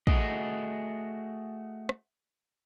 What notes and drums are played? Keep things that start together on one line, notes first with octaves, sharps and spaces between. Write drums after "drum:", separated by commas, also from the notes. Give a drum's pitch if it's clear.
A3 F#4 G#4 D#5, drum: kick
drum: rim click